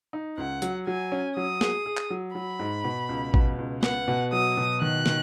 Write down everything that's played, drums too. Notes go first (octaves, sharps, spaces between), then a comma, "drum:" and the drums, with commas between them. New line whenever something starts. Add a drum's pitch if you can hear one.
D#4
C#2 F#5
F#3, drum: hi-hat
F#3 G#5
C#4
F#3 D#6
G#4, drum: snare
G#4
drum: clap
F#3
F#3 B5
G#2
B2
C#2
B2, drum: kick A1
C#2
B3 F#5, drum: snare
B2
F#3 D#6
B2
D#3 F#6
D#3, drum: snare